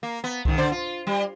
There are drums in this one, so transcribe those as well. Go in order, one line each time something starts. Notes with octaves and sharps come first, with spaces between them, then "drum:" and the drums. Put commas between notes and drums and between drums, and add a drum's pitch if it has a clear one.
A#3
B3
G#2 D#3, drum: kick C2
D3 C5 D5
F4
G3